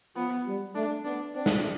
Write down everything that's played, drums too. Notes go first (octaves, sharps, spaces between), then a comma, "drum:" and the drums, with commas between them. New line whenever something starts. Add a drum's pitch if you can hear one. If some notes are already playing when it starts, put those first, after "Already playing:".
F3 B3
G3
A3 D4
B3 D4
C4 D4
drum: snare